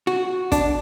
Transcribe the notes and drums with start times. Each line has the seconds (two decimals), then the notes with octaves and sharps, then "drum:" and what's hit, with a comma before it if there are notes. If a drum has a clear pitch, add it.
0.07 F#4
0.52 D4, drum: kick, hi-hat